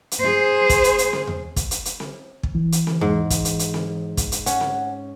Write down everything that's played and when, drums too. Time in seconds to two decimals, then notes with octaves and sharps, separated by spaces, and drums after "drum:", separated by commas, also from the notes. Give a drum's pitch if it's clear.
0.11 drum: hi-hat
0.21 G#4 C5
0.69 drum: kick, hi-hat
0.84 drum: hi-hat
0.98 drum: hi-hat
1.13 drum: snare C4
1.27 drum: tom E2
1.56 drum: kick, hi-hat
1.71 drum: hi-hat
1.85 drum: hi-hat
2.00 drum: snare C4
2.43 drum: kick
2.55 E3
2.72 drum: hi-hat
2.87 drum: snare C4
3.01 G#2, drum: tom E2
3.30 drum: kick, hi-hat
3.45 drum: hi-hat
3.59 drum: hi-hat
3.74 drum: snare C4
4.17 drum: kick, hi-hat
4.32 drum: hi-hat
4.46 C#4 F#5, drum: hi-hat
4.61 drum: snare C4